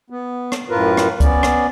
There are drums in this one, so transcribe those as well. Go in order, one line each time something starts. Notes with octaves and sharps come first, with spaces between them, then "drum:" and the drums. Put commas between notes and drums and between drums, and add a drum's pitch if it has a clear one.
B3
drum: rim click
F#2 A2 F4 A#4 B4
drum: rim click
B3 C#4 D5, drum: kick C#2, hi-hat
drum: rim click